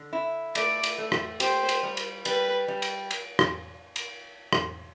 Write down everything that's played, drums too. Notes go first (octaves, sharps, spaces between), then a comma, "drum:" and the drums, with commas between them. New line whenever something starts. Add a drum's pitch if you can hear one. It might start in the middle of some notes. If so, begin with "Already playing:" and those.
Already playing: D3
E4
A3 D5, drum: cymbal
drum: cymbal
A3
drum: rim click
G4 C5, drum: cymbal
drum: cymbal
G3
drum: cymbal
G3 B4, drum: cymbal
G3
drum: cymbal
drum: cymbal
drum: rim click
drum: cymbal
drum: rim click